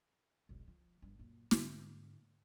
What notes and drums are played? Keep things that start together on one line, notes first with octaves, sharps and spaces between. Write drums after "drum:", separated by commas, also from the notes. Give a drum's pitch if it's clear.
E1 B1
F3
G1 G2
F#2 A#2
G#2 D3, drum: snare